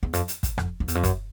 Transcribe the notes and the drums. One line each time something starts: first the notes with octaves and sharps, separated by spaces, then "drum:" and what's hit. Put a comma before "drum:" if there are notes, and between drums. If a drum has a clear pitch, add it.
E2
F2, drum: hi-hat
drum: hi-hat
drum: kick, hi-hat
F2, drum: rim click
F2
E2, drum: hi-hat
F2
F#2, drum: kick, hi-hat